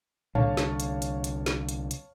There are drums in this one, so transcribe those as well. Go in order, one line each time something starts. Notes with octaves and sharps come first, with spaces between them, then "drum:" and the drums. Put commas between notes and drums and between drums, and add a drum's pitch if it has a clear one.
C2 D3 C#5 F5 A5, drum: tom A2
drum: snare
drum: hi-hat
drum: hi-hat
drum: hi-hat
drum: snare
drum: hi-hat
drum: hi-hat